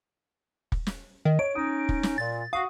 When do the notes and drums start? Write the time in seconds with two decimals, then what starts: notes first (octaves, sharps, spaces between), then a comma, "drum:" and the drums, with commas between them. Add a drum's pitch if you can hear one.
0.72 drum: kick
0.87 drum: snare
1.25 D#3 D#5
1.39 C#5 D7
1.55 C#4 D#4 D#6
1.89 drum: kick
2.03 drum: snare
2.18 A#2 A6
2.53 F#4 F5 D#6